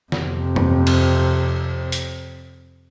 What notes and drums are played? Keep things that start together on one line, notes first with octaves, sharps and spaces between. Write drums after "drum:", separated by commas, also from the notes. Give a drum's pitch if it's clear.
F2 C3, drum: snare
drum: tom
drum: cymbal
drum: hi-hat